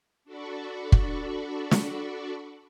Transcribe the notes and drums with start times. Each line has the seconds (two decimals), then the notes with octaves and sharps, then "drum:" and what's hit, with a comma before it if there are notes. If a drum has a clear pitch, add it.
0.25 D4 F#4 A4 D5 B5 C#6
0.92 drum: kick
1.71 drum: snare